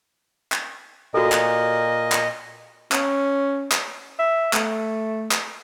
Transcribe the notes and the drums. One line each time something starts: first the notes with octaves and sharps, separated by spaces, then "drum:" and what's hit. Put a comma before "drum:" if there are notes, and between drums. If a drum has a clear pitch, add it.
drum: clap
A#2 F#4 A4 D#5
drum: clap
drum: clap
C#4, drum: clap
drum: clap
E5
A3, drum: clap
drum: clap